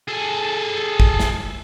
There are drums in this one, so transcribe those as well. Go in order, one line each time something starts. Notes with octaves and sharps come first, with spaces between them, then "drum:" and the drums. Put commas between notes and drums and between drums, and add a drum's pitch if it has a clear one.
G#4 A4
drum: kick
drum: snare